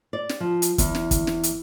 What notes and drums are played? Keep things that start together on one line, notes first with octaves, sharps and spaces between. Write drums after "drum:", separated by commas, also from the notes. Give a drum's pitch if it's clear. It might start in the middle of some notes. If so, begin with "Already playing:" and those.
D5
drum: snare
F3
drum: hi-hat
E2, drum: kick, hi-hat
drum: snare
drum: kick, hi-hat
drum: snare
drum: hi-hat